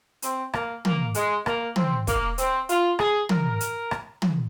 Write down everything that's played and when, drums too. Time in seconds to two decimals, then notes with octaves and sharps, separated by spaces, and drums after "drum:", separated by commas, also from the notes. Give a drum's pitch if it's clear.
0.22 C4, drum: hi-hat
0.53 A#3, drum: rim click
0.85 A#3, drum: tom
1.14 G#3, drum: hi-hat
1.46 A#3, drum: rim click
1.76 C4, drum: tom
2.07 A#3, drum: kick, hi-hat
2.38 C4, drum: hi-hat
2.69 F4, drum: hi-hat
2.99 G#4, drum: rim click
3.29 A#4, drum: tom
3.60 drum: hi-hat
3.91 drum: rim click
4.22 drum: tom